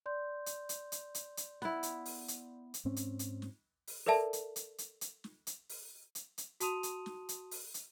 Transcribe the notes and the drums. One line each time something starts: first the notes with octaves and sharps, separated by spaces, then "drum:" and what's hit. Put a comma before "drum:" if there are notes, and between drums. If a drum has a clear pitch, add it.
D5 C6 G6
drum: hi-hat
drum: hi-hat
drum: hi-hat
drum: hi-hat
drum: hi-hat
B3 E4, drum: snare
drum: hi-hat
drum: open hi-hat
drum: hi-hat
drum: hi-hat
G#2 C4 C#4
drum: hi-hat
drum: hi-hat
drum: snare
drum: open hi-hat
A4 A#4 D5 E5 A5
drum: hi-hat
drum: hi-hat
drum: hi-hat
drum: hi-hat
drum: snare
drum: hi-hat
drum: open hi-hat
drum: hi-hat
drum: hi-hat
F#4 A5 C6 D#6 D#7 F7, drum: hi-hat
drum: hi-hat
drum: snare
drum: hi-hat
drum: open hi-hat
drum: hi-hat